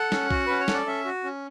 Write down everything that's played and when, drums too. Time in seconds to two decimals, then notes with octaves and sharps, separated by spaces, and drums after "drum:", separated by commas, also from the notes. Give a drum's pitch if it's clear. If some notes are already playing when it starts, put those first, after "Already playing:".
Already playing: A4 F#5
0.12 C#4, drum: snare
0.31 F#4, drum: kick B1
0.46 C#4 B4
0.60 C#5
0.68 A4, drum: snare
0.74 D5
0.87 C#4 E5
1.05 F#4
1.24 C#4